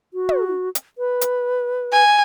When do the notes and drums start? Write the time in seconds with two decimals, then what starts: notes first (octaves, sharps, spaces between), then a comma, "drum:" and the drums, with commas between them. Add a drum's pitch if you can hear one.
0.14 F#4
0.29 drum: tom
0.75 drum: hi-hat
0.98 B4
1.21 drum: hi-hat
1.92 G#5